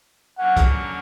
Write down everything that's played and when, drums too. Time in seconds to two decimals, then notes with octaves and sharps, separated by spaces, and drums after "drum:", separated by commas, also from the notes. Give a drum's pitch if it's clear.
0.38 D3 F#3 A#3 C#4 F#5
0.57 drum: kick, hi-hat